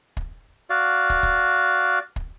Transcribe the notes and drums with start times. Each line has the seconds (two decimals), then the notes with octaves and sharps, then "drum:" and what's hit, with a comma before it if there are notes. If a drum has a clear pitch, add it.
0.17 drum: kick
0.70 F#4 D5 F5
1.10 drum: kick
1.23 drum: kick
2.16 drum: kick